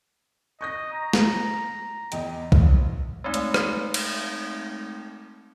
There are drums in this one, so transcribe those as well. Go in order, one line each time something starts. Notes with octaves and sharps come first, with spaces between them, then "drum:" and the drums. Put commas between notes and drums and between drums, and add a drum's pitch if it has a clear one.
D#5 C#6 G6 A#6
A#5
drum: snare
E2 D#5 G5, drum: hi-hat
A#1, drum: kick B1
G#3 A3 C4 D#4
drum: hi-hat
drum: rim click
drum: cymbal